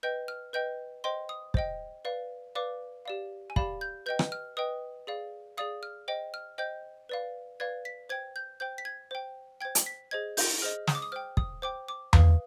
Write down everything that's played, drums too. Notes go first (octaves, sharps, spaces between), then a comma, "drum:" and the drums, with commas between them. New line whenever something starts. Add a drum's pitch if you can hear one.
B4 D#5 G5 G6
F6
B4 D#5 G5 G6
C5 D#5 G5 C6
D#6
C5 D#5 G5, drum: kick
B4 D5 F5
B4 D5 F5 D6
G4 D5 F5
G#5
G4 D5 F5 B5, drum: kick
G6
B4 D#5 G5 G6
drum: rim click
F6
B4 D#5 G5 D#6
G#4 D5 F5
G#4 D5 F5 D#6
F6
C5 D#5 G5
F6
C5 D#5 G5 G6
B4 D5 F5
B4 D5 F5 G#6
B6
C5 G5 G#6
G6
C5 G5 G6
B6
G#6
C5 G5
C5 G5 G#6
drum: hi-hat
B6
G#4 C5 D#5 G#6
G6, drum: open hi-hat
G#4 C5 D#5 F6
D#6, drum: snare
D6
D#6
C5 G5 F6
D#6, drum: kick
C5 G5 D6
D6
B4 F5 D#6, drum: tom E2